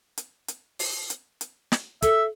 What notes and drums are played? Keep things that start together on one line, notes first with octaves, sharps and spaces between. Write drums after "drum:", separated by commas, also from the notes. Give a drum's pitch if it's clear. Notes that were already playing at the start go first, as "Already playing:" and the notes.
drum: hi-hat
drum: hi-hat
drum: open hi-hat
drum: hi-hat
drum: hi-hat
drum: snare
A4 E5, drum: kick, hi-hat